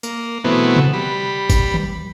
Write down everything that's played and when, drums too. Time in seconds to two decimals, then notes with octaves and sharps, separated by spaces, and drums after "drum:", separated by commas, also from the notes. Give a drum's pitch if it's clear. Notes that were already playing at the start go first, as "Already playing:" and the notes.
0.03 A#3, drum: tambourine
0.44 B2 E3 F#3 A3 B3 C4
0.76 drum: tom C3
0.93 G3 B5
1.50 drum: kick G#1, tambourine
1.74 drum: tom D#3